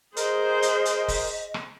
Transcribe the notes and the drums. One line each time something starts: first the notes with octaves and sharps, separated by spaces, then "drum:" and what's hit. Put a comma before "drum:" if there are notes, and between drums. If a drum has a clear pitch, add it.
G#4 A#4 C5 D#5, drum: hi-hat
drum: hi-hat
drum: hi-hat
drum: kick, open hi-hat
drum: rim click